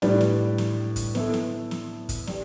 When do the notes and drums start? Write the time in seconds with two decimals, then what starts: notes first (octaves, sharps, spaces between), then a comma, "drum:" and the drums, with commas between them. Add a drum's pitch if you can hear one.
0.02 A2 G3 D4 B4 D5, drum: snare
0.21 drum: snare
0.58 drum: snare
0.96 drum: kick, hi-hat
1.15 B3 E4 A4, drum: snare
1.33 drum: snare
1.71 drum: snare
2.09 drum: kick, hi-hat
2.27 G4 D5, drum: snare